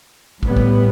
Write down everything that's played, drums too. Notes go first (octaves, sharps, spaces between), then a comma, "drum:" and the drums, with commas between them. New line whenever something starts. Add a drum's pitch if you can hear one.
A2 G3 B3, drum: kick
drum: kick